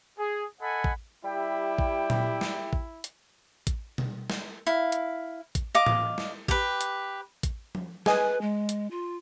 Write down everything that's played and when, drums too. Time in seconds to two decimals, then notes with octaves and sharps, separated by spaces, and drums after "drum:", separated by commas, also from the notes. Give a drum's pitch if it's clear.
0.18 G#4
0.61 A4 D#5 F#5 G#5 B5
0.84 drum: kick A1
1.24 G3 E4 G4 E5 G5
1.79 drum: kick A1
2.10 drum: tom A#2
2.41 drum: snare
2.73 drum: kick A1
3.04 drum: hi-hat
3.67 drum: kick A1, hi-hat
3.98 drum: tom
4.30 drum: snare
4.67 E4 F5
4.92 drum: hi-hat
5.55 drum: kick A1, hi-hat
5.75 D#5 F5 D6
5.86 drum: tom A2
6.18 drum: snare
6.48 G4 B4, drum: kick A1
6.81 drum: hi-hat
7.43 drum: kick A1, hi-hat
7.75 drum: tom F3
8.06 G#4 B4 D#5 G#5, drum: snare
8.41 G#3
8.69 drum: hi-hat
8.91 F4